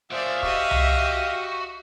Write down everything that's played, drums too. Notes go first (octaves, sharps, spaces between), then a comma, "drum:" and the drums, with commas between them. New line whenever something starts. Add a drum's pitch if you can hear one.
A#2 G#4 C5 D5 E5 F5
F#4 G4 D#5, drum: kick
drum: tom C2